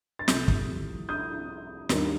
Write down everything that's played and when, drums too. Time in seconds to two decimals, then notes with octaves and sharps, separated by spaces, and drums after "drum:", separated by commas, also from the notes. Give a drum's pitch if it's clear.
0.19 A6
0.28 C2 C3 F3 A3 D#6 G6, drum: snare
0.48 drum: kick
1.09 D#6 G6
1.89 D#2 D#3 G3 A#3 D4, drum: snare